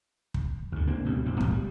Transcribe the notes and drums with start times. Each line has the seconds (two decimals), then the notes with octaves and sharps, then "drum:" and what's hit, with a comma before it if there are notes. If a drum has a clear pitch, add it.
0.34 drum: kick
0.72 D2 G2
0.87 C#2 A#3 C4 D4
1.04 D2 B2 G3
1.25 E1 A#2 C4
1.41 G#2 B2 F3 F#3, drum: kick
1.52 G3